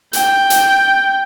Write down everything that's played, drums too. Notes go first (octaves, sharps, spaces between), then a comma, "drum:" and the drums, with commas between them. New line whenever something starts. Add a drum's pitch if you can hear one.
G5, drum: hi-hat
drum: hi-hat